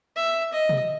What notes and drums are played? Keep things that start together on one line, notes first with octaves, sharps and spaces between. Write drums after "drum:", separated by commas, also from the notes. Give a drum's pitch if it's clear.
E5
D#5
drum: tom B2